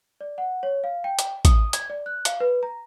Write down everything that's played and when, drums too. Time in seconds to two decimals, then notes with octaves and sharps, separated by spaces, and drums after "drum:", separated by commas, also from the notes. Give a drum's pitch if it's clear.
0.21 D5
0.38 F#5
0.63 C#5
0.84 F5
1.04 G5
1.19 drum: hi-hat
1.45 D#6, drum: kick, hi-hat
1.73 G#6, drum: hi-hat
1.90 D5
2.06 F#6
2.25 F5, drum: hi-hat
2.40 B4
2.63 A#5